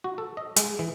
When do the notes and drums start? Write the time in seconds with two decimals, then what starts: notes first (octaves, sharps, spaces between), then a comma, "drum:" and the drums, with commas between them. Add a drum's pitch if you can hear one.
0.04 F#4
0.18 A4
0.37 D#5
0.56 G#3, drum: hi-hat
0.79 E3